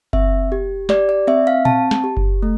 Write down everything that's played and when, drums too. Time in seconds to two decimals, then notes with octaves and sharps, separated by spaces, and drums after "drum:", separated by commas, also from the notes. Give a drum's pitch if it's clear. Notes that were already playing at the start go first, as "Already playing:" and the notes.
0.13 C4 E5, drum: kick F#1
0.52 G4
0.89 G4 D5, drum: snare
1.09 D5
1.27 C4 E5
1.47 F5
1.65 C4 A5, drum: tom A#2
1.91 drum: snare
2.04 G4
2.17 drum: kick F#1
2.42 A3